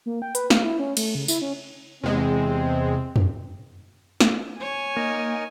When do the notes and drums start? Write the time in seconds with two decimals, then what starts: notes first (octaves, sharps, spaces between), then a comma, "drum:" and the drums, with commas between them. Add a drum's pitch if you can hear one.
0.06 A#3
0.22 G5
0.35 B4, drum: hi-hat
0.50 F5, drum: snare
0.63 E4
0.79 C#4
0.97 A3, drum: cymbal
1.15 C#3
1.28 E4, drum: tambourine
1.41 C#4
2.03 E2 C3 G#3 C4
3.16 drum: tom
4.20 drum: snare
4.61 C#5 G#5
4.96 A#3 D#4 A#4 D#5